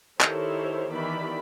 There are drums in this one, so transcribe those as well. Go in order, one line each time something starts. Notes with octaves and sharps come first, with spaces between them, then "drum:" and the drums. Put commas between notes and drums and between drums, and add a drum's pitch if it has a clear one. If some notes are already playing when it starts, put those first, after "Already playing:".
D#3 E4 G4 A4 C5 C#5, drum: clap
D#3 E3 B3 G4 D5 B5